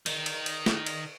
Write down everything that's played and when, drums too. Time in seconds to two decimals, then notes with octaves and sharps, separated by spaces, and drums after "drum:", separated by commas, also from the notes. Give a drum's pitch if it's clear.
0.06 D#3, drum: cymbal
0.26 drum: cymbal
0.46 drum: cymbal
0.66 drum: snare
0.86 drum: cymbal